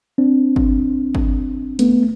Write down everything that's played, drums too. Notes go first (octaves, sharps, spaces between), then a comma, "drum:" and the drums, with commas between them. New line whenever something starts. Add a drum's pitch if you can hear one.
C4 D4
drum: kick G1
drum: kick G1
A3 B3, drum: hi-hat